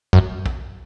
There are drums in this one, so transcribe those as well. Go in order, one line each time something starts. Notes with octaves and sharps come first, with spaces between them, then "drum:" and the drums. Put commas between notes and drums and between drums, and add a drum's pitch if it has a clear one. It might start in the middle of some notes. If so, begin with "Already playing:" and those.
F#2, drum: kick
drum: kick